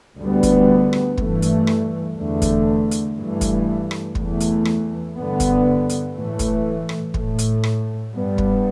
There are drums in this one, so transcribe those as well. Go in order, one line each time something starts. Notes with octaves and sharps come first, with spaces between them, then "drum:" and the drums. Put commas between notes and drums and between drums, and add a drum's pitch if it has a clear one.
D2 D3 G3 B3
drum: kick, hi-hat
drum: rim click
G2 E3 A3, drum: kick
drum: hi-hat
drum: rim click
E2 D3 A3
drum: kick, hi-hat
drum: hi-hat
G2 E3 A3
drum: kick, hi-hat
drum: rim click
E2 E3 A3, drum: kick
drum: hi-hat
drum: rim click
G2 D3 B3
drum: kick, hi-hat
drum: hi-hat
A2 E3 A3
drum: kick, hi-hat
drum: rim click
A2 A3, drum: kick
drum: hi-hat
drum: rim click
G2 G3 B3
drum: kick